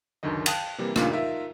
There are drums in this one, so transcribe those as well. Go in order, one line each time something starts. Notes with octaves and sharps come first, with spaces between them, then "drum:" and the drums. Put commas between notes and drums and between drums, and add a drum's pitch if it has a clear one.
C#2 F#2 D3 D#3 D#5
F5 G5 A5 D#6 F#6, drum: cymbal
C3 E3 G3 A#3
G2 A#2 C#3 C#4 D#4 F4, drum: rim click
D#4 F4 A#4 E5